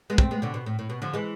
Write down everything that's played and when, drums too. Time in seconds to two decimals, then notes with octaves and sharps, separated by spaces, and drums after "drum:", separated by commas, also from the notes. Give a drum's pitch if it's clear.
0.10 G#3 B3
0.18 A3 C4, drum: kick
0.31 G#3 B3
0.42 B2 D3
0.54 B2
0.66 A2
0.79 A2
0.90 B2
1.02 D3 F3
1.14 E3 G#3